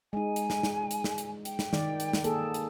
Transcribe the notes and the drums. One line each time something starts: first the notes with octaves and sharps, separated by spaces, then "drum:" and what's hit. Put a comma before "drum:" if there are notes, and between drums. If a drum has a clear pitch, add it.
G#3 D#4 G#5
drum: hi-hat
drum: snare
drum: snare
drum: hi-hat
drum: snare
drum: hi-hat
G5, drum: hi-hat
drum: snare
D#3 D5, drum: snare
drum: hi-hat
drum: snare
A#3 G#4 A4, drum: hi-hat
drum: hi-hat